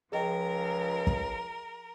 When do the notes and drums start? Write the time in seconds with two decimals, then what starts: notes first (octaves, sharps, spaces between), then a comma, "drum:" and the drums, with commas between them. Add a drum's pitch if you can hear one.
0.12 C#2 F3 G#4 A#4 D#5 G5
1.07 drum: kick